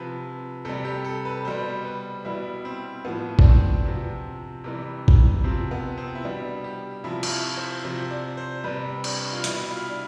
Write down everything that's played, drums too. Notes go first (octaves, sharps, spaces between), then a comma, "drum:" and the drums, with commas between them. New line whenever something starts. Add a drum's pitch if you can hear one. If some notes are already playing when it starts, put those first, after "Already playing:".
Already playing: C3 F3 B4
C3 G3 A4
G4
A4
B4
B2 G3 C5
B4
B2 G3 E4
C4
A2 F3 B3
D4, drum: kick
C4
C3 F3
C3 E3 G3
drum: kick
C3 F3 C4
B3
C4
E4
B2 G3 D4
G4
C3 F3 E4
F4, drum: cymbal
E4
C5
C3 F3 C5
D5
C5
C3 G3 B4
D4, drum: cymbal
F4
B2 G3 E4, drum: hi-hat
F4
D4